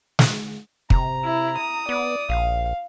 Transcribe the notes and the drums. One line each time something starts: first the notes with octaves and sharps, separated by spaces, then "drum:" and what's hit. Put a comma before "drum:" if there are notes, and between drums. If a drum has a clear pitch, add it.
drum: snare
C3 A#5, drum: kick
E4
D#6
B3 D5
A#1 F5